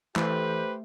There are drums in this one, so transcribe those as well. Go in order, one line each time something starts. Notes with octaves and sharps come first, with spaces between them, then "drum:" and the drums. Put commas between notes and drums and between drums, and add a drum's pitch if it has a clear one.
E3 A3 G4 B4 C5, drum: clap